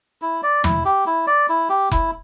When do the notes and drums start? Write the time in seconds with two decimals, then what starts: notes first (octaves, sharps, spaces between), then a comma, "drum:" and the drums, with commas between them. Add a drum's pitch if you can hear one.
0.22 E4
0.43 D5
0.64 E4, drum: tom
0.85 G4
1.06 E4
1.27 D5
1.49 E4
1.69 G4
1.92 E4, drum: kick F1